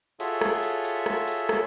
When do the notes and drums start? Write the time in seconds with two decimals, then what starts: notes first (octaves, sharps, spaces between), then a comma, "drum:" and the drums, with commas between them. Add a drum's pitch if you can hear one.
0.20 F4 F#4 G#4 A4 C#5 E5, drum: hi-hat
0.41 drum: rim click
0.63 drum: hi-hat
0.85 drum: hi-hat
1.06 drum: rim click
1.28 drum: hi-hat
1.49 drum: rim click